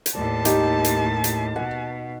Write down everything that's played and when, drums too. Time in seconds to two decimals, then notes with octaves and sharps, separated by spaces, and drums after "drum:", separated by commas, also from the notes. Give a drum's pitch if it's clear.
0.06 drum: hi-hat
0.15 D#2 A2 D5 A5
0.45 D#4 G4, drum: hi-hat
0.84 drum: hi-hat
1.24 drum: hi-hat
1.56 B2 F#5